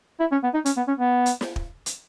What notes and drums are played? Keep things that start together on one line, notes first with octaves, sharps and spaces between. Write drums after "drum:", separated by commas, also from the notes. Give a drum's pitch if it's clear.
E4
C#4
B3
D#4
C#4, drum: hi-hat
B3
C#4
B3
drum: hi-hat
drum: snare
drum: kick
drum: hi-hat